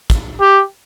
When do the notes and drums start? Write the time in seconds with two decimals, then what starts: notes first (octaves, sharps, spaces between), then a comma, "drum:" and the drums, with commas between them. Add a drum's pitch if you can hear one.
0.10 drum: kick, hi-hat
0.40 G4